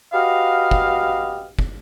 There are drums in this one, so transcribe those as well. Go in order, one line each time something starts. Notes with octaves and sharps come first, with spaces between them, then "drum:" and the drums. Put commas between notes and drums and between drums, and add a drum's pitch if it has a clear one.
F#4 G4 B4 D#5 F5
drum: kick
drum: kick